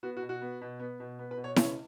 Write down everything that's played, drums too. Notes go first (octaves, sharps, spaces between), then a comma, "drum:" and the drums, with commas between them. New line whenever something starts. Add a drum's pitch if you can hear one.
B3 F#4
F#4
B2
F#4
B3
B2
B3
B2
B3
B4
B2
C#5
C#3 C#5, drum: snare E4